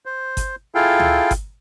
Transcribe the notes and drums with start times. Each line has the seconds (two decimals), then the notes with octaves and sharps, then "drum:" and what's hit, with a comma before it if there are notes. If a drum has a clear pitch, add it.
0.06 C5
0.37 drum: kick G1, hi-hat
0.75 E4 F4 G#4 A4 F5 G5
0.99 drum: tom D2
1.31 drum: kick G1, hi-hat